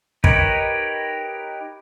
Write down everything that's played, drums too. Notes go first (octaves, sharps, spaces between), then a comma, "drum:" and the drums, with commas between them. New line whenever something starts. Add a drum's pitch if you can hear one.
D#4 G4 A#4 B4 C#5, drum: kick